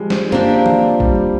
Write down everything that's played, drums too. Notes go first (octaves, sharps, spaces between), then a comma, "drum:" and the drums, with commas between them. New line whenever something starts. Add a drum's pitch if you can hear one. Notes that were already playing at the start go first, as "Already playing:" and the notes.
Already playing: F3 G3 G#3
C4, drum: snare
A#3 C4 D4 G4, drum: tom
F3, drum: tom
G3, drum: kick A#1